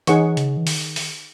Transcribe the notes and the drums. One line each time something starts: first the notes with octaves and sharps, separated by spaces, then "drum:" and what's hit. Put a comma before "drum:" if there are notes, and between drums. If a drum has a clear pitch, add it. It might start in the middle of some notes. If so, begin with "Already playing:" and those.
E3 D#4 G#4 C#5 F#5 C#6, drum: hi-hat
C#3, drum: hi-hat
E3
D#3, drum: open hi-hat
drum: open hi-hat